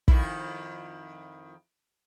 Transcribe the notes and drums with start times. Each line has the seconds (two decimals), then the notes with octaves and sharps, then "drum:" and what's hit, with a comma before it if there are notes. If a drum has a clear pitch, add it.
0.08 F2 D#3 E4, drum: kick